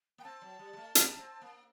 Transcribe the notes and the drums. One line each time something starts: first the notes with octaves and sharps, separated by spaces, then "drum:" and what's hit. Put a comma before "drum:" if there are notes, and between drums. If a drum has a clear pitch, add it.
A#3 G5
C4 A5
F#3
G3
G3
A3
A#3, drum: hi-hat
C4
A#3